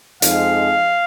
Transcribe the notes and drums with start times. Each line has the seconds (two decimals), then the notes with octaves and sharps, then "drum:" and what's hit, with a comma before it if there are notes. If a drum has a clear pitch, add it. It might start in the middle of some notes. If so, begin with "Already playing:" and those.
0.22 F2 F3 G#3 C4 D#4 F5, drum: hi-hat